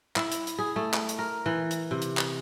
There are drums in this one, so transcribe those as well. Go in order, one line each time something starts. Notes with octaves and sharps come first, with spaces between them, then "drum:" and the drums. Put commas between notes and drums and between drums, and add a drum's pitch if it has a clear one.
E4, drum: clap
drum: hi-hat
drum: hi-hat
G#4
A3
drum: clap
drum: hi-hat
A#4
E3
drum: hi-hat
C3
drum: hi-hat
drum: clap